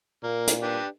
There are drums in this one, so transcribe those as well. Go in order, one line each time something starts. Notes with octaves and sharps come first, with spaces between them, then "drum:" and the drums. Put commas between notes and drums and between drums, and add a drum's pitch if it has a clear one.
A#2 A#3
drum: hi-hat
D4 G4 B4